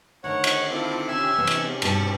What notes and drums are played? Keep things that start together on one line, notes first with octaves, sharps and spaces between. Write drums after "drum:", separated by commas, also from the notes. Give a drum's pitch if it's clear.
D2 D#3 C#5 F#5
drum: cymbal
C4 E4 F4 A4 D6
C3 C#4 G4 E5 G#5 E6
E3 B3 F#5
drum: cymbal
G2 B2 B3 A5, drum: cymbal